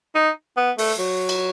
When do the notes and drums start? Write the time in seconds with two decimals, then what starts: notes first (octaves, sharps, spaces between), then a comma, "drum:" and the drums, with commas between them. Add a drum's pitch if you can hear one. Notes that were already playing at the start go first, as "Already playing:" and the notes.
0.15 D#4
0.57 B3
0.78 A3, drum: open hi-hat
0.99 F#3
1.29 drum: cymbal